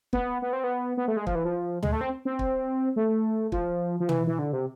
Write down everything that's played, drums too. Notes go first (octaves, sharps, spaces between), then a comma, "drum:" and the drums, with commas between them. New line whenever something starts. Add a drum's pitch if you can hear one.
B3, drum: kick
B3
C4
B3
B3
A3
G#3
F3, drum: kick
E3
F3
G#3, drum: tom
A3
C4
C4
drum: kick
A3
F3, drum: kick
F3
E3, drum: tom
E3
D3
C3